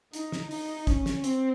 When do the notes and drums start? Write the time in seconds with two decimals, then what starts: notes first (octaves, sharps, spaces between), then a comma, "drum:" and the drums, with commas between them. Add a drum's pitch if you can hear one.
0.13 D#4, drum: hi-hat
0.32 drum: snare
0.51 D#4, drum: open hi-hat
0.87 C#4, drum: kick, hi-hat
1.06 drum: snare
1.24 C4, drum: hi-hat